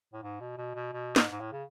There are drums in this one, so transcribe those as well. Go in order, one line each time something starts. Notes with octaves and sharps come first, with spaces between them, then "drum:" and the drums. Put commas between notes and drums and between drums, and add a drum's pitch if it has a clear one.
A2
G#2
B2
B2
B2
B2
G#2, drum: snare
G#2
A2
C#3